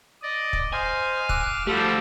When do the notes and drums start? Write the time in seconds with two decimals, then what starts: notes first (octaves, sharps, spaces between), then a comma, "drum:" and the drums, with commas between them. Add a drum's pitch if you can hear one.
0.22 D5 D#5
0.53 drum: kick
0.73 C5 D#5 F5 G#5
1.29 D6 E6 F#6, drum: kick
1.67 F3 G3 A3 F#4 G4 A4